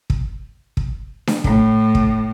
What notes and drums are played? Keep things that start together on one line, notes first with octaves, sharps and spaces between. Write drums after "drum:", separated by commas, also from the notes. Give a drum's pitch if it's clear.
drum: kick
drum: kick
drum: snare D4
A2, drum: kick
drum: kick